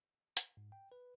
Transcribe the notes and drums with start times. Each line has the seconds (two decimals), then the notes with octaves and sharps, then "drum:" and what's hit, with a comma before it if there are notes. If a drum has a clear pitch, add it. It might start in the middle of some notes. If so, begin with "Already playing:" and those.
0.37 drum: hi-hat
0.57 G#2
0.72 G5
0.92 B4